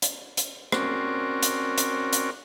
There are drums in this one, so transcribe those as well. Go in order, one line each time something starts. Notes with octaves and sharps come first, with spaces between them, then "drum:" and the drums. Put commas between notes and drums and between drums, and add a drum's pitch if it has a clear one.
drum: hi-hat
drum: hi-hat
C4 C#4 F#4 A#4 D5, drum: rim click
drum: hi-hat
drum: hi-hat
drum: hi-hat